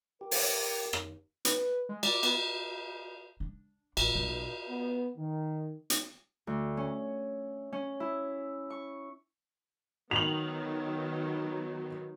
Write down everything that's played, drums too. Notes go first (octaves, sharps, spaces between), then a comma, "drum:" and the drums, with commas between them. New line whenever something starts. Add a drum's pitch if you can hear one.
G4 A#4
drum: open hi-hat
drum: rim click
B4, drum: hi-hat
G#3
D5, drum: cymbal
B3, drum: cymbal
D4
A1, drum: cymbal
B1
B3
D#3
drum: hi-hat
D2
C#4
C#4
E4
C#6
D#3 F#3 B3 F7 F#7